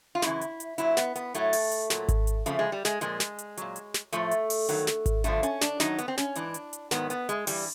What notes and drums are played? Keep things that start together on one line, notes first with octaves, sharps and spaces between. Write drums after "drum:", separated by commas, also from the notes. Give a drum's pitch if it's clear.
F4
F#2 C#3 E3 E4, drum: snare
drum: hi-hat
drum: hi-hat
A#2 F#3 E4, drum: hi-hat
B3, drum: snare
B3, drum: hi-hat
A2 F#3 A3, drum: hi-hat
drum: open hi-hat
drum: hi-hat
A#2 F#3, drum: snare
drum: kick G#1, hi-hat
drum: hi-hat
F2 C#3 F3 A3, drum: hi-hat
G#3
G3
G#3, drum: snare
A#2 F3 G#3, drum: hi-hat
drum: snare
drum: hi-hat
A#2 F#3, drum: hi-hat
drum: hi-hat
drum: snare
A2 F3 A3, drum: hi-hat
drum: hi-hat
drum: open hi-hat
G2 D#3 F#3, drum: hi-hat
drum: snare
drum: kick G#1, hi-hat
G2 D3 F3 A3, drum: hi-hat
C#4, drum: hi-hat
D4, drum: snare
F#2 D#3 F#3 D#4, drum: snare
B3, drum: hi-hat
C4
C#4, drum: snare
G#2 E3 D4, drum: hi-hat
drum: hi-hat
drum: hi-hat
G#2 D#3 F#3 B3, drum: snare
B3, drum: hi-hat
G#3, drum: hi-hat
G2 E3 G3, drum: open hi-hat